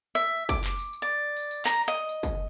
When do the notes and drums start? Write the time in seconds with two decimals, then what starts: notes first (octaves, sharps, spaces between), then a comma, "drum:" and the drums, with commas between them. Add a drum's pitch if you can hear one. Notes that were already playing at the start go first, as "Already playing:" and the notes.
0.15 E5
0.49 D6, drum: kick, tambourine
0.64 drum: clap
0.79 drum: tambourine
0.93 drum: tambourine
1.02 D5
1.36 drum: tambourine
1.51 drum: tambourine
1.65 A#5, drum: clap
1.88 D#5
2.09 drum: tambourine
2.23 drum: kick, tambourine